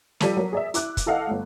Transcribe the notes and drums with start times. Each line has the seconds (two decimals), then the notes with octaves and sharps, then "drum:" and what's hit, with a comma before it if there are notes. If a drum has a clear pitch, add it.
0.21 F3 G3 A4 B6 D#7, drum: snare
0.37 F#3 A#4
0.52 G#4 D5 E5
0.74 E4 D6 F#6, drum: hi-hat
0.97 drum: kick, hi-hat
1.06 E4 A4 D#5 F5 F#5
1.27 G1 A3